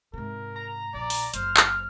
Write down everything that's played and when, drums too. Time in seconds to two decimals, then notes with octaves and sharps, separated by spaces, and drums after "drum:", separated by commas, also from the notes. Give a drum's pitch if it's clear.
0.13 G#2 C3 A#4
0.56 A#5
0.94 A#1 D5
1.10 drum: open hi-hat
1.34 F#1 C5 F6, drum: hi-hat
1.57 drum: clap